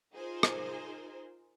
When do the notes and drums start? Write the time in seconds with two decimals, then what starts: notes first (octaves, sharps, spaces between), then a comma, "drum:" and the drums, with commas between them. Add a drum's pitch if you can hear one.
0.13 D#4 F4 G#4 A#4 C5
0.43 drum: rim click